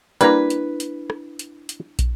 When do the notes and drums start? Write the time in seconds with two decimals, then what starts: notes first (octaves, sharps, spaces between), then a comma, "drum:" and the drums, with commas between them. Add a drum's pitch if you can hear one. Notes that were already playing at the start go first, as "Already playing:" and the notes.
0.21 G3 A#3 D4 E4 B4 A#5 G#6, drum: hi-hat
0.50 drum: hi-hat
0.80 drum: hi-hat
1.10 drum: rim click
1.39 drum: hi-hat
1.69 drum: hi-hat
1.99 drum: kick, hi-hat